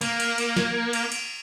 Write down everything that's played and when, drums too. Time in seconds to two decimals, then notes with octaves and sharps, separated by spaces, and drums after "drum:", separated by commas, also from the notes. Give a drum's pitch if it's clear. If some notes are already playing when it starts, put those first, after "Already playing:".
0.01 A#3, drum: cymbal
0.20 drum: cymbal
0.38 drum: cymbal
0.57 drum: snare
0.93 drum: cymbal
1.12 drum: cymbal